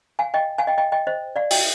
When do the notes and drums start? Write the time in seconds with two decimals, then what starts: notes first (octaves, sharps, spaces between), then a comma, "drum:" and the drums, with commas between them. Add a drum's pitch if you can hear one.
0.19 F5 G#5
0.34 D#5 G5
0.58 F5 G#5
0.67 D#5 G5
0.78 D#5 G5
0.92 D#5 G5
1.07 C5 D#5
1.36 D5 F5
1.51 D#5 G5, drum: open hi-hat